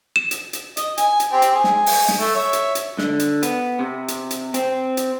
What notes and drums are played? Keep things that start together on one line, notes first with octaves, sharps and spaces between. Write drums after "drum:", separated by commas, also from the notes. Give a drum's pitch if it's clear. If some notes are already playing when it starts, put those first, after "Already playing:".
E7
drum: hi-hat
drum: hi-hat
D#5, drum: hi-hat
G#5, drum: hi-hat
drum: hi-hat
C4 G4
drum: hi-hat
G#4
drum: snare
drum: open hi-hat
drum: snare
A3
C#5 E5
drum: hi-hat
drum: hi-hat
D3, drum: snare
drum: hi-hat
B3, drum: hi-hat
C3
drum: hi-hat
drum: hi-hat
C4, drum: hi-hat
drum: hi-hat